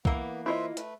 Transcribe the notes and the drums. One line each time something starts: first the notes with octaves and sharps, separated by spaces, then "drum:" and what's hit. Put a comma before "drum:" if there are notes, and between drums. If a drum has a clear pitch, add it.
E3 A#3 B3, drum: kick
E4 F4 B4 C5 D#5 E5
A3 B4, drum: hi-hat